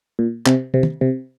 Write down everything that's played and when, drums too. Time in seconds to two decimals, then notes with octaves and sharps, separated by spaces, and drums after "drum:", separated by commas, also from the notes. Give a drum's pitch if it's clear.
0.19 A#2
0.46 C3, drum: clap
0.74 C3
0.83 drum: tom
1.01 C3